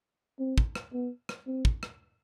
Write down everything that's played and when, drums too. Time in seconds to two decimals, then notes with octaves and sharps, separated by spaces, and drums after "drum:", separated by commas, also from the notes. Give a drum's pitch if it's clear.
0.39 C4
0.58 drum: kick
0.75 drum: rim click
0.94 B3
1.29 drum: rim click
1.47 C4
1.65 drum: kick
1.83 drum: rim click